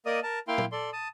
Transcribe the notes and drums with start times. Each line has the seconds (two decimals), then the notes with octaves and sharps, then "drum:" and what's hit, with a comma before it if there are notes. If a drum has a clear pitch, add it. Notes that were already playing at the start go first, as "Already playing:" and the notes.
0.06 A#3 A#4 D5 D#5 D#6
0.23 A#4 A5
0.48 A#3 E4 F5 G5 C6
0.58 drum: tom A#2
0.72 A4 D5 C6
0.93 A5 D#6